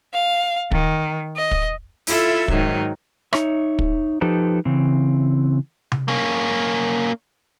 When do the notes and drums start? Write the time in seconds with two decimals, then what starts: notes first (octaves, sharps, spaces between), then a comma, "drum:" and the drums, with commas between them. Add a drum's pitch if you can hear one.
0.13 F5
0.72 D#3, drum: kick
1.36 D#5
1.51 drum: kick
2.07 E4 F4 A4 E5, drum: open hi-hat
2.48 G#2 D#3 F#3, drum: kick
3.33 D#4 C#5 E5, drum: rim click
3.79 drum: kick
4.21 F3 D#4 G4 A4 B4 C5
4.65 C#3 E3 C4
5.92 drum: tom C3
6.08 A#3 C#4